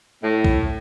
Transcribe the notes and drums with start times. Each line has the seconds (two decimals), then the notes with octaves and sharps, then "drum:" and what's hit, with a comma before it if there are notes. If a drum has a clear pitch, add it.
0.23 A2
0.44 drum: kick